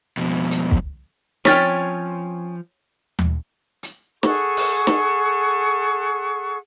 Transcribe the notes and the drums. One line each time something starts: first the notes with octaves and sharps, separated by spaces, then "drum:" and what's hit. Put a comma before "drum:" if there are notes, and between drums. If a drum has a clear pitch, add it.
F2 B2
drum: hi-hat
drum: kick
F3 C4 C#4 C#5 G5 F6 A6 B6, drum: snare
drum: tom D#2
drum: hi-hat
G#4 A4 F#5 C#6, drum: snare
drum: open hi-hat
drum: snare